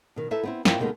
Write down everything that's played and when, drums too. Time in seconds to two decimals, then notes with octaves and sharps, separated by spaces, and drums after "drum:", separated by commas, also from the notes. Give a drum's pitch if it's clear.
0.16 B2 D#3
0.31 D#4 E4 A4 B4 E5
0.43 B3 C4 E4
0.65 G2 A#3 C4 E4 F4 G5, drum: snare
0.79 D#2 C3 D#3 G#3 B3 A4